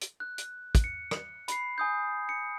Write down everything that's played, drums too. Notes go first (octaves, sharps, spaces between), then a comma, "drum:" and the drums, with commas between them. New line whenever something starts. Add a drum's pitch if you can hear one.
drum: hi-hat
F#6
drum: hi-hat
drum: kick, hi-hat
C#7
drum: rim click
B5 C7, drum: hi-hat
G#5 D#6 G6
C#7